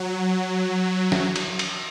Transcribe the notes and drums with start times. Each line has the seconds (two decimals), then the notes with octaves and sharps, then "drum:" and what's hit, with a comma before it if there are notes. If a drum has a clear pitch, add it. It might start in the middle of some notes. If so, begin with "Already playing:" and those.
Already playing: F#3
1.12 drum: snare
1.36 drum: cymbal
1.59 drum: cymbal